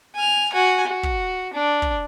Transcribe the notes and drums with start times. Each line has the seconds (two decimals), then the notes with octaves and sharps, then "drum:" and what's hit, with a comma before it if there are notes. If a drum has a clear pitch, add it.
0.15 G#5 F6
0.53 F#4 G#5
0.87 F#4
1.03 drum: kick
1.53 D4
1.82 drum: kick